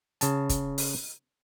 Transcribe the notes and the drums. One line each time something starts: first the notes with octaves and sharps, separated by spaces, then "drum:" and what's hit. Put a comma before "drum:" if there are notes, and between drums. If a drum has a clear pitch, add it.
C#3 A5, drum: hi-hat
drum: kick, hi-hat
drum: open hi-hat